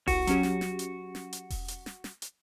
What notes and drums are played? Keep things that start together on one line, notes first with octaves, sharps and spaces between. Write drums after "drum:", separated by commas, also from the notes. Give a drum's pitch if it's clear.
C2 F#4, drum: kick E1, open hi-hat
F#3 C#4 G4, drum: hi-hat
drum: snare
drum: snare
drum: hi-hat
drum: snare
drum: hi-hat
drum: kick E1, open hi-hat
drum: hi-hat
drum: snare
drum: snare
drum: hi-hat